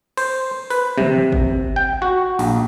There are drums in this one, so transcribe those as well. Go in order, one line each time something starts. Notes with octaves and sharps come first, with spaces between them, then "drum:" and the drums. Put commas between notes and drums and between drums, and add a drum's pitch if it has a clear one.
C5, drum: cymbal
B4, drum: open hi-hat
C3, drum: tom
drum: kick
G5
F#4
A#1, drum: open hi-hat